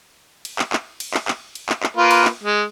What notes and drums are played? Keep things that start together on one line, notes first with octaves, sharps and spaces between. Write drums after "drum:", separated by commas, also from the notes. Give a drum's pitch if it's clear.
drum: cymbal
drum: clap
drum: clap
drum: cymbal
drum: clap
drum: clap
drum: cymbal
drum: clap
drum: clap
A#3 F4 B4
drum: cymbal
drum: clap
G#3